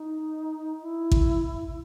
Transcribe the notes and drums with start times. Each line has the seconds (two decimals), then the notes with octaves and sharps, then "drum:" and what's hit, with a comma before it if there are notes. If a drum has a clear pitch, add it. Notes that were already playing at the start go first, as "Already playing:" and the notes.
Already playing: D#4
0.82 E4
1.11 drum: kick A1